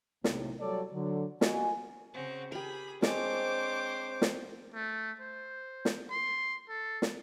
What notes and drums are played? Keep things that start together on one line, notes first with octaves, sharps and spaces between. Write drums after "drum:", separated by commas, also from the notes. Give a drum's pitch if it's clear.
B1 A2 C3, drum: snare
F#3 G3 A4 C#5 D5
D3 F#3
A#3 F4 F#4 D#5 G#5, drum: snare
C#3 C4 F#4
G4 G#4 A#4 B5
G#3 C4 D4 C5 C#5 D6, drum: snare
drum: snare
A3
C5
drum: snare
C6
A4
drum: snare